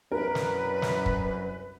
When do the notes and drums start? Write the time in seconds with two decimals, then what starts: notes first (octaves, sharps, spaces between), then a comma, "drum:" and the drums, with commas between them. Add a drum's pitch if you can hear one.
0.12 C2 F#2 A#4 B4
0.35 drum: snare
0.82 drum: snare
1.06 drum: kick